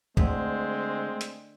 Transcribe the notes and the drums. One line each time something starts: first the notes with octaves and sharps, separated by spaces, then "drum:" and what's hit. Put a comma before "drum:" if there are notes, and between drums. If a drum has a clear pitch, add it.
D2 G#3 C4, drum: kick
drum: hi-hat